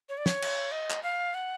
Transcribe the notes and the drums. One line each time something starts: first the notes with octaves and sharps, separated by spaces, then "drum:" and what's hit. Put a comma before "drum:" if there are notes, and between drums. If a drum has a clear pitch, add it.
C#5
D5
C#5, drum: snare
drum: cymbal
D#5
drum: clap
F5
F#5